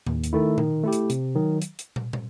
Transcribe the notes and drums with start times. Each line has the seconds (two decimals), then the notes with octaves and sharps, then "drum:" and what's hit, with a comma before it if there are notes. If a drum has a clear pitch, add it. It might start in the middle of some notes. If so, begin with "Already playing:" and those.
0.07 D#2, drum: tom A2
0.24 drum: hi-hat
0.33 D#3 A3 E4
0.58 D#3, drum: tom A#2
0.83 A3 E4 G4
0.93 drum: hi-hat
1.10 C3, drum: hi-hat
1.35 D#3 F#3
1.62 drum: hi-hat
1.79 drum: hi-hat
1.96 drum: tom
2.13 drum: tom